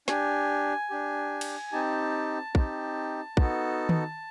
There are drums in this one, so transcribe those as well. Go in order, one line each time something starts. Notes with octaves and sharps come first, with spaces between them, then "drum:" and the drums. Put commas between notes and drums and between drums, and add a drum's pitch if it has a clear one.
D4 G4 G#5, drum: snare
D4 G4
drum: cymbal
C4 D#4 G4 A5
C4 D#4 G4, drum: kick
B3 D#4 F#4 A4, drum: kick
drum: tom D#3